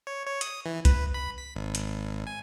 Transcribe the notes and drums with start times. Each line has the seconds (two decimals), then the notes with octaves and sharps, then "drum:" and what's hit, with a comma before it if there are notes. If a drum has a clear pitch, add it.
0.07 C#5
0.26 C#5
0.41 D#6, drum: hi-hat
0.66 E3
0.85 B4, drum: kick C2, hi-hat
1.14 B5
1.38 B6
1.56 G#1
1.75 drum: hi-hat
2.27 G#5